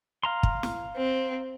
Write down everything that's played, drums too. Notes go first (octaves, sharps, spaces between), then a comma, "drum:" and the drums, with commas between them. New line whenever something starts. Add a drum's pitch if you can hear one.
F5 A#5 C6
drum: kick
drum: snare
C4